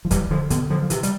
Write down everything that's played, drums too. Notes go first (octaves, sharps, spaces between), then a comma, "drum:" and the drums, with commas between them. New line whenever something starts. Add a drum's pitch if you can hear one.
F3
E3 G3, drum: kick, hi-hat
D3 F3
B2 D3, drum: hi-hat
D3 F3
F3
C3 E3, drum: hi-hat
G3, drum: hi-hat